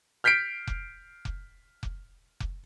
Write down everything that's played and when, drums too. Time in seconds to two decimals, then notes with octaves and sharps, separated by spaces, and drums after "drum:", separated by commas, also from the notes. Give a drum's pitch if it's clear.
0.24 F6 G6 B6 C7 D7
0.67 drum: kick F1
1.25 drum: kick F1
1.83 drum: kick F1
2.40 drum: kick F1